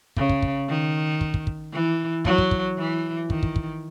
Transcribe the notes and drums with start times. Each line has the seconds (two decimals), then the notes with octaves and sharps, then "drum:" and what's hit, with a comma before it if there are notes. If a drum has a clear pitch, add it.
0.17 C#3, drum: kick
0.29 drum: kick
0.42 drum: kick
0.69 D#3
1.21 drum: kick
1.34 drum: kick
1.47 drum: kick
1.73 E3
2.25 F#3, drum: kick
2.38 drum: kick
2.51 drum: kick
2.78 E3
3.30 D#3, drum: kick
3.43 drum: kick
3.56 drum: kick